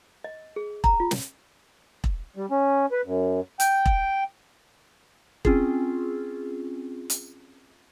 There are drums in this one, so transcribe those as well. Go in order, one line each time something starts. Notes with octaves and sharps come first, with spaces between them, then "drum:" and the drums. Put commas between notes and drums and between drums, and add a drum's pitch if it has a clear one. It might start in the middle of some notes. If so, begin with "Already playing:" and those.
D#5
G#4
A#5, drum: kick E1
F4
drum: snare
drum: kick E1
G3
C#4
B4
F#2
G5, drum: hi-hat
drum: kick E1
C4 C#4 F4 G#4, drum: kick E1
drum: hi-hat